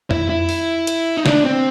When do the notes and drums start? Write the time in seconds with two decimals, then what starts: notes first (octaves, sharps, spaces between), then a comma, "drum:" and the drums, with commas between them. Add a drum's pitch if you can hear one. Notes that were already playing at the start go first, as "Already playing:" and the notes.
0.11 E4, drum: tom F2
0.29 E4
0.49 drum: open hi-hat
0.87 drum: hi-hat
1.17 D#4
1.26 D4, drum: snare
1.45 C4